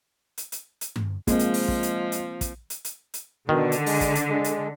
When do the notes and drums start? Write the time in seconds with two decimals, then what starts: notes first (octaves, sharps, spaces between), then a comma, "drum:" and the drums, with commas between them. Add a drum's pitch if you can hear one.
0.38 drum: hi-hat
0.52 drum: hi-hat
0.81 drum: hi-hat
0.96 drum: tom G2
1.27 F3 G#3 A#3 C4, drum: kick, hi-hat
1.39 drum: hi-hat
1.54 drum: open hi-hat
1.68 drum: kick
1.83 drum: hi-hat
2.12 drum: hi-hat
2.41 drum: kick, hi-hat
2.70 drum: hi-hat
2.85 drum: hi-hat
3.14 drum: hi-hat
3.49 B2 D3 D#3
3.72 drum: hi-hat
3.86 G#3, drum: open hi-hat
4.01 drum: kick, hi-hat
4.15 drum: hi-hat
4.29 G#3
4.44 drum: hi-hat